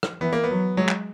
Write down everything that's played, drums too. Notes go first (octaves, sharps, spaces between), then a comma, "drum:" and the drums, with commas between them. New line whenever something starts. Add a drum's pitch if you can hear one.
drum: rim click
E3 B3
A#3
B3
F#3
F#3 G#3
drum: clap